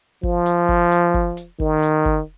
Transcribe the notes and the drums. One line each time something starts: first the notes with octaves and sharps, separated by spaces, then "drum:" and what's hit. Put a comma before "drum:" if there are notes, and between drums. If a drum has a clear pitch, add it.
F3, drum: kick
drum: hi-hat
drum: kick
drum: hi-hat
drum: kick
drum: hi-hat
D#3, drum: kick
drum: hi-hat
drum: kick